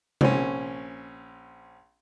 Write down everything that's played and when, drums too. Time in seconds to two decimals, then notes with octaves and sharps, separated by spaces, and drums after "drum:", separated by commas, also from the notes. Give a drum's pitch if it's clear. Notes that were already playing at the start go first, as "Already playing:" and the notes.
0.21 A#1 C4 C#4, drum: tom C3